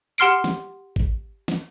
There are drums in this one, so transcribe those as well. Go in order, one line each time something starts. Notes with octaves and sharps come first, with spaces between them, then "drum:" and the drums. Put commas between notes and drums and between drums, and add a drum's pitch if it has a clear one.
G4 F#5 C6 F6 C7 D7
drum: snare
drum: kick G#1, tambourine
drum: snare